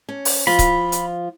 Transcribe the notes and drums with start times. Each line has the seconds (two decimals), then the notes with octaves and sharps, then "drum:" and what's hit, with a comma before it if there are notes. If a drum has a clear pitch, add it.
0.09 C#4
0.25 drum: open hi-hat
0.47 F3 F4 B5
0.59 drum: kick C#1, hi-hat
0.92 drum: hi-hat